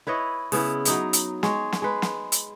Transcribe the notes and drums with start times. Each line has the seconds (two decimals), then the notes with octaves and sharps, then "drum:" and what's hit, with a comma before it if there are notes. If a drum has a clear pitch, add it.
0.07 E4 B4 C#5 D#5
0.52 C#3 B3 E4, drum: open hi-hat
0.85 F#3 D#4 E5, drum: hi-hat
1.13 drum: hi-hat
1.43 G#3 C#5, drum: snare
1.72 drum: snare
1.82 G#3 B4
2.02 drum: snare
2.32 drum: hi-hat